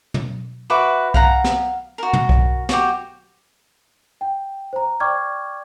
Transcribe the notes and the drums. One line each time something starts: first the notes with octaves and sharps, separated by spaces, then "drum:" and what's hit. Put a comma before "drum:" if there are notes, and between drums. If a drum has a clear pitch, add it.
drum: tom
F#4 B4 E5 D6
F5 F#5 A#5, drum: kick B1
drum: snare
F#4 A#4
drum: tom
drum: kick B1
F#4 G4, drum: snare
G5
C5 A#5
D5 G5 C#6 D6 F6 G#6